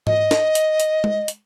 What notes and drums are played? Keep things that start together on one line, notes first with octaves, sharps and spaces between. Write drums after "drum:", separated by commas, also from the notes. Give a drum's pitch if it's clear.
D#5, drum: tom G#2
drum: snare
drum: hi-hat
drum: hi-hat
drum: tom G#3
drum: hi-hat